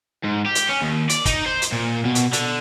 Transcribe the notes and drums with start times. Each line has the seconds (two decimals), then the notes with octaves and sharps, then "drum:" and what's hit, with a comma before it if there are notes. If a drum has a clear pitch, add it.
0.24 G#2
0.46 G4
0.55 drum: hi-hat
0.69 C#4
0.82 D#2
1.09 D5, drum: hi-hat
1.25 D#4, drum: kick, hi-hat
1.46 C5
1.62 drum: hi-hat
1.72 A#2
2.05 B2
2.15 drum: hi-hat
2.33 D3, drum: hi-hat